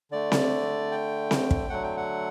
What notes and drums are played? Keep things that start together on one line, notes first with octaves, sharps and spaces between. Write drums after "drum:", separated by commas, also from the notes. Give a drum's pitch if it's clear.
D3 A3 D5
drum: snare C4
G5
drum: snare C4
drum: kick
D3 F#3 A3 F#5
G5
F#5